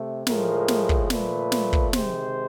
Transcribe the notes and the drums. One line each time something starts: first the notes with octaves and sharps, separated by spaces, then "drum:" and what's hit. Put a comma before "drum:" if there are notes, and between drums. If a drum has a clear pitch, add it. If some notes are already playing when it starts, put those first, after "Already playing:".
Already playing: C3 A3
A2 F3 G#3 A#4, drum: snare
drum: snare
drum: kick
A#2 F3 A3 B4, drum: snare
drum: snare
drum: kick
C3 D#3 G#3 C5, drum: snare